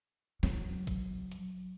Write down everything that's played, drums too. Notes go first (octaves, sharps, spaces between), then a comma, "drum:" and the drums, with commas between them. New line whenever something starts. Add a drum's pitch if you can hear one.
F#3, drum: snare
drum: kick, hi-hat
drum: hi-hat